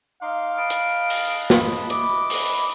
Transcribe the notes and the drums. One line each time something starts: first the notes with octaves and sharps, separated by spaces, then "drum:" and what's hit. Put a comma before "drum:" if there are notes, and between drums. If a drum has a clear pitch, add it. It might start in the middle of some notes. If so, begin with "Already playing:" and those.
D#4 F5 C6 D6
B4 D#5 A5 D7
drum: hi-hat
drum: open hi-hat
drum: snare
E4 B4 D#5 D6, drum: hi-hat
drum: open hi-hat